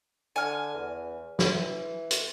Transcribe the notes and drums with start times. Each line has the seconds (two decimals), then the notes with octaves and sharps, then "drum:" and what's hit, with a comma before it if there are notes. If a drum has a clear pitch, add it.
0.36 D3 G#5 F6
0.74 E2
1.39 E3, drum: snare
2.11 drum: hi-hat